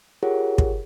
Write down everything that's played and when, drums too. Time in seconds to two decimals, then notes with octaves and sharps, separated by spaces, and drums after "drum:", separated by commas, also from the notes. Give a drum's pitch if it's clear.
0.23 F4 G4 G#4 A#4 C#5 F#5
0.58 drum: kick